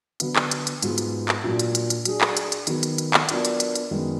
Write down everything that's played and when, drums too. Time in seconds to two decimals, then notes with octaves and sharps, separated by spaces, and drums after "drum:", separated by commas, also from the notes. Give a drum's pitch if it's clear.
0.20 D3 F#3 B3, drum: hi-hat
0.36 drum: clap
0.51 drum: hi-hat
0.67 drum: hi-hat
0.82 G#2 F#3 B3 F4 G#4, drum: hi-hat
0.98 drum: hi-hat
1.29 drum: clap
1.44 A#2 F#3 D4
1.59 drum: hi-hat
1.75 drum: hi-hat
1.90 drum: hi-hat
2.05 F#3 D4 G#4, drum: hi-hat
2.21 drum: clap
2.37 drum: hi-hat
2.52 drum: hi-hat
2.67 D#3 F#3 B3, drum: hi-hat
2.83 drum: hi-hat
2.98 drum: hi-hat
3.14 drum: clap
3.29 F#3 B3 D4 F4 A#4, drum: hi-hat
3.45 drum: hi-hat
3.60 drum: hi-hat
3.75 drum: hi-hat
3.91 F#2 D#3 G#3 B3